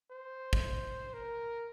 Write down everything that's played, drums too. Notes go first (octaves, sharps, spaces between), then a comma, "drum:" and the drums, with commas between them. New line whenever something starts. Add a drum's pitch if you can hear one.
C5
drum: kick
A#4